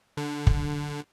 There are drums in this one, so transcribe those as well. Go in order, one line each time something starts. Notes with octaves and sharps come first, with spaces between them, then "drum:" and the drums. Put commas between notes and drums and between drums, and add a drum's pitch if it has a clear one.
D3
drum: kick